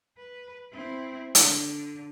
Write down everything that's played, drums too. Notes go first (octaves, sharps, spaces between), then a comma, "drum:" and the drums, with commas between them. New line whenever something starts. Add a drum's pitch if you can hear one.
B4
C4 E4
D3, drum: hi-hat